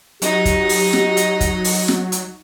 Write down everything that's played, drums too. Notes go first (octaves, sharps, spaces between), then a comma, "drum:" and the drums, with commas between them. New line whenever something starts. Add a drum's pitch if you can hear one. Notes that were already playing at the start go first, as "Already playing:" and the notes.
F#3 D#4 G4 D#5, drum: hi-hat
drum: kick, hi-hat
drum: open hi-hat
drum: snare
drum: hi-hat
drum: kick, hi-hat
drum: open hi-hat
drum: snare
drum: hi-hat